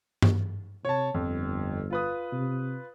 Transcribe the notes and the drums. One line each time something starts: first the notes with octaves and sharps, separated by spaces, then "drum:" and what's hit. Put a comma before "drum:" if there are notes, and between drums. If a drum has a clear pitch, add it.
drum: tom G2
C3 C#5 A5
G1 F2
F4 B4 D#6
C3